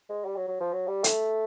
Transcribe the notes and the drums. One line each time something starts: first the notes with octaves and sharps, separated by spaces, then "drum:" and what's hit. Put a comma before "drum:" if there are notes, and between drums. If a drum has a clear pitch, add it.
G#3
G3
F#3
F#3
F3
F#3
G3
A3, drum: hi-hat